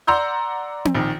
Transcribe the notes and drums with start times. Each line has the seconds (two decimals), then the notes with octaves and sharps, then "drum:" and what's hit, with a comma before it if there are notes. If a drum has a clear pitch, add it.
0.07 D5 F#5 A#5 C6 E6 G6
0.85 drum: tom C4
0.95 A#1 D#3